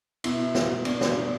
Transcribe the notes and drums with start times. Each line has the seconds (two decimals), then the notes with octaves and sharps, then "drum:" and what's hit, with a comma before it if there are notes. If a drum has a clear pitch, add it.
0.24 B2 E4, drum: cymbal
0.55 drum: snare
0.85 B2 D4, drum: cymbal
1.01 D4, drum: snare
1.16 D4